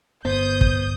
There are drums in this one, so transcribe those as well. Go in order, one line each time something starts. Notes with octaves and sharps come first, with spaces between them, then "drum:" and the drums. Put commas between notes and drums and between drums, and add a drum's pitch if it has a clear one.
G1 B3 C5 D#6 G6
drum: kick